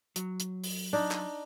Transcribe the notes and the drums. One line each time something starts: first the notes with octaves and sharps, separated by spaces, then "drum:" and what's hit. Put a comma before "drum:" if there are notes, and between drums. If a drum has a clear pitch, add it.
F#3, drum: hi-hat
drum: hi-hat
drum: open hi-hat
D4 D#4
drum: clap